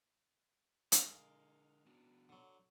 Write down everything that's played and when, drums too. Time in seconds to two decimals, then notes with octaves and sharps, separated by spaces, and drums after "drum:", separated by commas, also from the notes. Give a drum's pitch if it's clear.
0.92 D3 G#3 A#4 F5, drum: hi-hat
1.86 B3 D4 F#4
2.29 D3 F#3